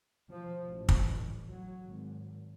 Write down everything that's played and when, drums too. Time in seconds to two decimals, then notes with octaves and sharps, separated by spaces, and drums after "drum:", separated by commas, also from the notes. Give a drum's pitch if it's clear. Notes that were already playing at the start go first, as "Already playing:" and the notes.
0.31 F3
0.66 A1
0.89 drum: kick
1.50 F#3
1.87 G#1